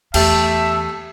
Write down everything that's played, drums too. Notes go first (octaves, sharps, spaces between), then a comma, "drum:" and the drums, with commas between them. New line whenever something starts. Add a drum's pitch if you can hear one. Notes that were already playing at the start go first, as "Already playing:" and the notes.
E2 A3 G4 E5 G5 A5, drum: cymbal